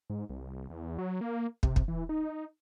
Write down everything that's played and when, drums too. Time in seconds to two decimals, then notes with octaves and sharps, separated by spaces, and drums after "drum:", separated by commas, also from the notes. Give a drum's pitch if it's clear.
0.10 G#2
0.30 C2
0.70 E2
0.99 F#3
1.21 A#3
1.63 C3, drum: kick
1.76 drum: kick
1.88 E3
2.09 D#4